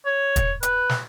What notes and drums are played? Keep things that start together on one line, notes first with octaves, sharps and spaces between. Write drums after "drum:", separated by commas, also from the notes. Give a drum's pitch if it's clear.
C#5
drum: kick, hi-hat
B4, drum: hi-hat
drum: snare